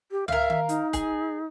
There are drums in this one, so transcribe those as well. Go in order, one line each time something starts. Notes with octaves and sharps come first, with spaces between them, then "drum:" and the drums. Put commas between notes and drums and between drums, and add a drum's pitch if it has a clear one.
G4
A#4 E5 F5, drum: tom
drum: tom D#3
D#4, drum: hi-hat
G#4, drum: kick, hi-hat